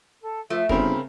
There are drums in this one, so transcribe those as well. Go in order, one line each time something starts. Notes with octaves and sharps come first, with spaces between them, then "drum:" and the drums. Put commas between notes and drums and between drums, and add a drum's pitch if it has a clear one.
A4
F3 A3 E5
G1 C#3 C4 A#4 B5, drum: kick